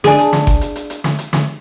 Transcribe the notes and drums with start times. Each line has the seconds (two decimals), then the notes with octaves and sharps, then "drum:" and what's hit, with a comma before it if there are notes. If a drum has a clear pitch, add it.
0.04 D4 G#4, drum: snare
0.18 drum: hi-hat
0.33 drum: snare
0.47 drum: kick G1, hi-hat
0.61 drum: hi-hat
0.76 drum: hi-hat
0.90 drum: hi-hat
1.04 drum: snare
1.18 drum: hi-hat
1.33 drum: snare